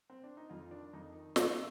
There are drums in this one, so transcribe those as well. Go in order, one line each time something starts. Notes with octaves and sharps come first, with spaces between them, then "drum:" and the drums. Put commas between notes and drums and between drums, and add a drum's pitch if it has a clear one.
C4
D4
D#4
F2 F4
D#3 D4
F2 D#4
D#3
G#2, drum: snare